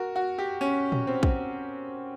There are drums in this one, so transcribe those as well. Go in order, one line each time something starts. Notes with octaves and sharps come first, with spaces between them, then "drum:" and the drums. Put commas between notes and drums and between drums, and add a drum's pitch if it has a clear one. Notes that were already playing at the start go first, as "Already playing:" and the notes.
Already playing: F#4 A#4
F#4
G4
C#4
drum: tom A#2
C4
drum: kick